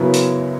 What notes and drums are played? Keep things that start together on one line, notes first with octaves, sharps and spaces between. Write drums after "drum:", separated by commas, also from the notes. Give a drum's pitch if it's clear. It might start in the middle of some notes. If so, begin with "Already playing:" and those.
Already playing: F#2 C#3 F#3 B3 E4
drum: hi-hat